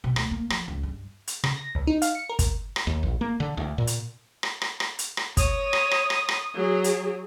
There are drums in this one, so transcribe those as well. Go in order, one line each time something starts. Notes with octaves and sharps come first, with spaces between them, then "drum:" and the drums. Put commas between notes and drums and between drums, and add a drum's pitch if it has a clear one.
B2
D2, drum: rim click
A#3
F3, drum: rim click
C#2
G2
drum: hi-hat
C#3, drum: rim click
A#6
C#2
D#4
F5, drum: hi-hat
C#7
A#4
drum: kick, hi-hat
drum: rim click
D#2
A#1
A#3
D3
D2
A#2
drum: hi-hat
drum: rim click
drum: rim click
drum: rim click
drum: hi-hat
drum: rim click
C#5 D#6, drum: kick, hi-hat
drum: rim click
drum: rim click
drum: rim click
drum: rim click
F#3 G#4
drum: hi-hat